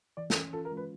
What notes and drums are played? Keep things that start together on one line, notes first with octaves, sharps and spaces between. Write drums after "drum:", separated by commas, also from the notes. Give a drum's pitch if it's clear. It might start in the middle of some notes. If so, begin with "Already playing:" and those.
E3 D5
A4, drum: snare
C#4
F4 A4
A#4
G#3
B4